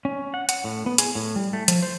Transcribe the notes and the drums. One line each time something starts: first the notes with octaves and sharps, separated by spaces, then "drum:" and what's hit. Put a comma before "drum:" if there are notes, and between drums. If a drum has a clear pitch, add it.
C#4
F#5
F#5, drum: hi-hat
A2
B3
G#4, drum: hi-hat
A2
G3
A3
F3, drum: hi-hat
C5